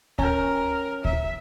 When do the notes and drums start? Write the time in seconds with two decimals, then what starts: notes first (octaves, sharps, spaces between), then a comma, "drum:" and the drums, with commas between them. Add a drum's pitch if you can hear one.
0.19 C#4 A#4 G5, drum: kick D2
1.05 E5, drum: kick D2